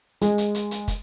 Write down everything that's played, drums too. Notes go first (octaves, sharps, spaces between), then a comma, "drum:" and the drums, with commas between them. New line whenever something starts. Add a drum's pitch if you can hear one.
G#3, drum: hi-hat
drum: hi-hat
drum: hi-hat
drum: hi-hat
drum: kick, hi-hat